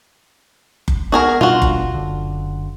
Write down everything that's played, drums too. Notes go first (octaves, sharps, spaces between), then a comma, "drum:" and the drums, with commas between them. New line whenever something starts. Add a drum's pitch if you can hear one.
drum: kick F#1
B3 F#4 G#4 A#4
B2 G3 D4 F4 F#4
drum: kick F#1
F#1 D3